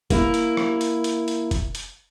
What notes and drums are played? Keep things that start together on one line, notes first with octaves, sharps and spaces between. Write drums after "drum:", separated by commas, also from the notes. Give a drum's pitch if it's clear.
A#3 E4, drum: kick F1, hi-hat
drum: hi-hat
drum: rim click
drum: hi-hat
drum: hi-hat
drum: hi-hat
drum: kick F1, hi-hat
drum: hi-hat